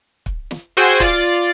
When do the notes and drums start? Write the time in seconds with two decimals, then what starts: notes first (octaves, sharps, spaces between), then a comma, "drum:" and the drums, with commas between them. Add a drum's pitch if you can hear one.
0.26 drum: kick
0.51 drum: snare
0.77 F#4 G#4 C5 G5 G#5 E6
1.00 F4 D5 A6, drum: kick